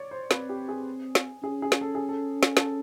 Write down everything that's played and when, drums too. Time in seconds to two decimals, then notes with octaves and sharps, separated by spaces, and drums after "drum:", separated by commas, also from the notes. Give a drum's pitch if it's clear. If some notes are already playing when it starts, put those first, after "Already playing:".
Already playing: C#5 D5
0.11 C5
0.31 C4 B4, drum: snare
0.49 G4
0.69 G#4
1.15 drum: snare
1.43 C#4 G#4
1.62 G#4
1.72 drum: snare
1.81 A4
1.95 G#4
2.09 A4
2.43 drum: snare
2.57 A4, drum: snare